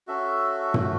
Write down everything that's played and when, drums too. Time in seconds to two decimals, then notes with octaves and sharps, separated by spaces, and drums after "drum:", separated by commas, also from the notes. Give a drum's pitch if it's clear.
0.07 C#4 F#4 A4 E5
0.74 A3 C#4 F#4, drum: tom